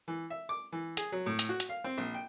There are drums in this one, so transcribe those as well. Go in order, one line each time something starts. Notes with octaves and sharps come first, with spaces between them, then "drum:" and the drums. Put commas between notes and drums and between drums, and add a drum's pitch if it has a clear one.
E3
E5
D6
E3
G#4, drum: hi-hat
F#3
A2
drum: hi-hat
F#4
drum: hi-hat
F5
C4
A#1
G5